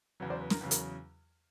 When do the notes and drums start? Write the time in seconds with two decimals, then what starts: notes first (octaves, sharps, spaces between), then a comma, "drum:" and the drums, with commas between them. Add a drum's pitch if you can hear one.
0.20 E2 C#3 F#3 B4 C#5
0.30 C5 D5
0.40 B4
0.50 A#4, drum: snare
0.60 E2 C#3 F#3 B4
0.71 A#4, drum: hi-hat